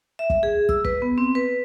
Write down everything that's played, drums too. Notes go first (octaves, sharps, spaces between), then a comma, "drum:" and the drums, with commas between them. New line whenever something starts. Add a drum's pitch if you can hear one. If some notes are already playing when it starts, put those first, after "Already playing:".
E5
drum: kick
G#4
E6, drum: kick
B4, drum: kick
B3
C4
B4